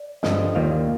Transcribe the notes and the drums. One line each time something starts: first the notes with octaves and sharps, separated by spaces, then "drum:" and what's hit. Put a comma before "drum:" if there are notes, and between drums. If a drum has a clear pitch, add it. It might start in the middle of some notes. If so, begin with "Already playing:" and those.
Already playing: D5
G2 D3 F3 D#5, drum: snare
D#2 D#3 G3 A#3 F4 F5